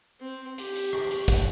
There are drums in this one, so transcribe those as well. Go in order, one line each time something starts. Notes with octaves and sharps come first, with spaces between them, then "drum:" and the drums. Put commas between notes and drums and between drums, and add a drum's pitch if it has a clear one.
C4
G4, drum: hi-hat
drum: hi-hat
drum: rim click
drum: hi-hat
drum: kick, hi-hat